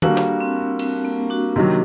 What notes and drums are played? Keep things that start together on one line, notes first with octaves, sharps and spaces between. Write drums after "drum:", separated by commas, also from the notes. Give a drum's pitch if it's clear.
G3 A#3 D4 F#4 A4, drum: tom D#3
drum: snare
C4
C4, drum: cymbal
A#3
D4 F#4
C3 D#3 F#3